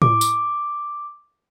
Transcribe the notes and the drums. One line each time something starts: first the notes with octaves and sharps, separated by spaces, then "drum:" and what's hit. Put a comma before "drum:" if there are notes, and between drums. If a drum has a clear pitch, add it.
D6, drum: tom A2
drum: tambourine